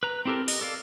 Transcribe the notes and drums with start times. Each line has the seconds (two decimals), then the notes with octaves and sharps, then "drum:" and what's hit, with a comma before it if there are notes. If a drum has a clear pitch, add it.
0.03 B4 A#5
0.25 C4 E4 G4 A4 A#4
0.48 D#5, drum: open hi-hat
0.61 A4 D5 F5